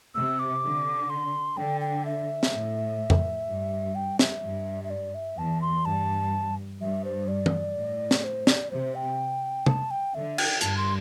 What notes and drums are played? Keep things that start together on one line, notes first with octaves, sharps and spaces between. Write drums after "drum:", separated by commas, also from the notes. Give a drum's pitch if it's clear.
C3 E6
D6
D3
C6
D3 G5
G5
E5
drum: snare
A2
drum: tom F2
G2
G5
E5, drum: snare
G2
E5
D5
E5
E2 A5
C6
G2 A5
G2 E5
C5
D5
drum: tom
A2
drum: snare
C5
D5, drum: snare
C3 C5
G5
A5, drum: tom
G5
D3 E5
G5, drum: cymbal
G2 A5, drum: hi-hat
C6